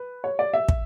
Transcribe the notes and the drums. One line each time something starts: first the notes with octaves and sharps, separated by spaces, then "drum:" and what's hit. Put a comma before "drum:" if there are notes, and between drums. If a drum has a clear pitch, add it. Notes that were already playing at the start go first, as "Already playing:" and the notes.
Already playing: B4
C#5
D5
E5
drum: kick